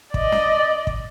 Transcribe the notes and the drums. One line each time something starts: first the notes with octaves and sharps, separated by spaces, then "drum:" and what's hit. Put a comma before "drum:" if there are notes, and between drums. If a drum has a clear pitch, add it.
D5 D#5, drum: kick
drum: snare
drum: kick